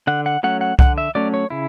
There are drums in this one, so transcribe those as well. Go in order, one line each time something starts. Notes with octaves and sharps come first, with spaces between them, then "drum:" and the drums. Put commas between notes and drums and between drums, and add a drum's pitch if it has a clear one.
D3 F#5
F#5
F#3 A3 C#4 F#5
F#5
D3 F#5, drum: kick C2
E5
F#3 A3 C#4 D5
C#5
C#3 E4